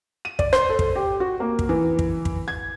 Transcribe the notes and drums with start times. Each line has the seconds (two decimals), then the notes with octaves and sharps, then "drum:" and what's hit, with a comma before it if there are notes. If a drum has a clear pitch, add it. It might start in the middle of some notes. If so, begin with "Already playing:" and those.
0.25 D#7
0.39 D5, drum: kick
0.53 C5, drum: rim click
0.69 A4
0.79 drum: kick
0.96 G4
1.20 F#4
1.40 A#3
1.59 drum: kick
1.69 E3
1.99 drum: kick
2.25 drum: kick
2.48 G#6